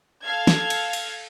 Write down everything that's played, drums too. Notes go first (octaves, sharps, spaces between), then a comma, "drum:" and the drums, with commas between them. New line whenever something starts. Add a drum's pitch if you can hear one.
A4 F5 G#6
drum: snare
drum: cymbal
drum: cymbal